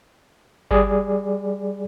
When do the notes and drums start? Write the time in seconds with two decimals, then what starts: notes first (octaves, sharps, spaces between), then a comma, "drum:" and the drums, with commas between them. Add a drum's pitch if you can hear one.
0.71 G3 G#4 D5, drum: kick G1